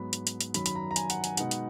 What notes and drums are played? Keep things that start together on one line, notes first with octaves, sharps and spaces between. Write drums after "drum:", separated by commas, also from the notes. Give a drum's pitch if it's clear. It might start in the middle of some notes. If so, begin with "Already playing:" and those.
Already playing: G#2 F#3 B3 B5
drum: hi-hat
drum: hi-hat
drum: hi-hat
F#2 D#3 F#3 B5, drum: hi-hat
B5, drum: hi-hat
A#5
A#5
G#5, drum: hi-hat
F#5, drum: hi-hat
G#5, drum: hi-hat
B2 G#3 B3 D#4 F#5, drum: hi-hat
drum: hi-hat